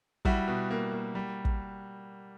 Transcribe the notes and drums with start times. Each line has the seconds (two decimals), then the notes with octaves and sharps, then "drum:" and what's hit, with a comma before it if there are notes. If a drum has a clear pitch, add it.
0.25 G3 E4 F#4, drum: kick
0.48 B2
0.70 A#3
0.92 A#3
1.15 G3
1.45 drum: kick